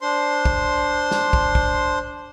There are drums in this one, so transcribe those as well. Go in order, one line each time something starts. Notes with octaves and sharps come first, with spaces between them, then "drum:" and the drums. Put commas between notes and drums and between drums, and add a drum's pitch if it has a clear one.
D4 C5 C6
drum: kick
drum: snare
drum: kick
drum: kick